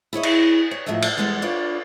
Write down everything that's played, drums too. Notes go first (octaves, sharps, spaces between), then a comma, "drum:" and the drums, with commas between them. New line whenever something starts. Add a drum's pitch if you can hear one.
E4 G#4 C#5 D#5
drum: cymbal
C#5
A2 F3 F#3 D#5 E5
drum: cymbal
E2 G3 G#3 B3 G4 F#5
D4 F4 B4 C#5 D5